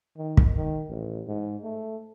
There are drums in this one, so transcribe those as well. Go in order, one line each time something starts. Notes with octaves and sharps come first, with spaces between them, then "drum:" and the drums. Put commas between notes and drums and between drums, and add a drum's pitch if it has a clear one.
D#3
drum: kick
D#3
A1
G#2
A3